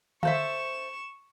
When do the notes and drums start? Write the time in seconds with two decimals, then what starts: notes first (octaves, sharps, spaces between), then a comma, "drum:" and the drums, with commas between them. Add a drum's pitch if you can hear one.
0.23 A4 C5 E5 F5 C#6 E7, drum: tom D3